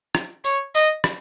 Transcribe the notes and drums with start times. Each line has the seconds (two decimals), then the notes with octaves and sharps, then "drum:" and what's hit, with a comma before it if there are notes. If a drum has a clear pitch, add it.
0.15 drum: rim click
0.44 C#5, drum: tambourine
0.75 D#5, drum: tambourine
1.04 drum: rim click